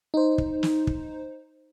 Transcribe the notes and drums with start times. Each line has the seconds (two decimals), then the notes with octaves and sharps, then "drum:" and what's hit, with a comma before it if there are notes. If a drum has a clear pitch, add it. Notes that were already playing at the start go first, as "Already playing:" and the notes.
0.14 D#4 C5
0.38 drum: kick
0.63 drum: snare
0.87 drum: kick